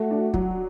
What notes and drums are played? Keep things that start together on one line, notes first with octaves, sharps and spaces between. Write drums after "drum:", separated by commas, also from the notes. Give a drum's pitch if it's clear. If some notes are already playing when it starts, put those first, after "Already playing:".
Already playing: A3 F#4
D4
F#3, drum: kick